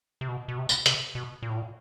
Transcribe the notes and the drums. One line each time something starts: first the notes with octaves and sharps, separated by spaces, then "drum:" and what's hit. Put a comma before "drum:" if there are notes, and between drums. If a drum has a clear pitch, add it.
C3
B2
B2
C3
drum: tambourine
C3, drum: hi-hat
B2
A#2
A2
A#2